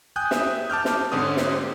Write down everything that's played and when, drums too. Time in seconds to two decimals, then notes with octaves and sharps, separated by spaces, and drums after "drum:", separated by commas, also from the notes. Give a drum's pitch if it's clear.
0.16 G5 G#5 D#6 F#6 G6
0.31 E5 D#6, drum: snare
0.70 A5 D6 F6 G6
0.85 drum: snare
1.12 G#2 D3 C4 C#4 D#6
1.37 drum: snare